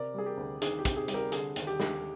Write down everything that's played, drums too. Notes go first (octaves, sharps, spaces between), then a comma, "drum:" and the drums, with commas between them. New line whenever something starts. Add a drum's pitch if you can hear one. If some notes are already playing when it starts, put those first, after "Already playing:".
Already playing: C3 A#4 D5
G3 G#4
G4 A#4
D2
D#3 G#4, drum: hi-hat
G4
C3, drum: kick, hi-hat
G#4
G3, drum: hi-hat
G4 A#4
D3 G#4, drum: hi-hat
D#2, drum: hi-hat
G4
D#2, drum: snare